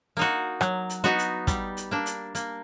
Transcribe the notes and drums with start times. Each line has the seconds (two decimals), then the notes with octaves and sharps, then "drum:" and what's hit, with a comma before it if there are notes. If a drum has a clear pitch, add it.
0.17 A#3 D#4 F#4
0.61 F#3, drum: rim click
0.90 drum: hi-hat
1.04 B3 D#4 F#4
1.19 drum: hi-hat
1.47 G3, drum: kick, hi-hat
1.77 drum: hi-hat
1.91 A#3 D4
2.06 drum: hi-hat
2.35 A#3, drum: hi-hat